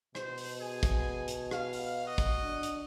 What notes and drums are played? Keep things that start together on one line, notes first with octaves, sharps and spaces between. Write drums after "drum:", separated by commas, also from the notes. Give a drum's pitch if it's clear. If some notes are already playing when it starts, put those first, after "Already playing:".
B2 C5, drum: rim click
drum: open hi-hat
G#4 G#5
drum: kick, hi-hat
drum: hi-hat
F5, drum: rim click
drum: open hi-hat
F#4 D#5
drum: kick, hi-hat
D4
drum: hi-hat